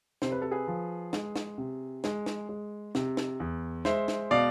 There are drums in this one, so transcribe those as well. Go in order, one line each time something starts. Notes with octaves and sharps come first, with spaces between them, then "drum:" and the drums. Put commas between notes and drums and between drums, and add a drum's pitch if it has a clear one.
C3 C5, drum: snare
B4
A4
G#4 B4
F3
G#3, drum: snare
drum: snare
C3
G#3, drum: snare
drum: snare
G#3
C3, drum: snare
drum: snare
E2
G#3 C5 E5, drum: snare
drum: snare
B2 D5 F5